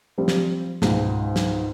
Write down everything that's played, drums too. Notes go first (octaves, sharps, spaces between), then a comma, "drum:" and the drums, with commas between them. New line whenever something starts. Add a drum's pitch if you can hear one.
F3 G3 C4
drum: snare
C#2 G#2 B2, drum: snare
drum: snare